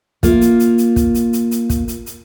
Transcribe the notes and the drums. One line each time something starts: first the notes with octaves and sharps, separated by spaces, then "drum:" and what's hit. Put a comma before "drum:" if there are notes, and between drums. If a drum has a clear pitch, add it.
A#3 F4, drum: kick, hi-hat
drum: hi-hat
drum: hi-hat
drum: hi-hat
drum: kick, hi-hat
drum: hi-hat
drum: hi-hat
drum: hi-hat
drum: kick, hi-hat
drum: hi-hat
drum: hi-hat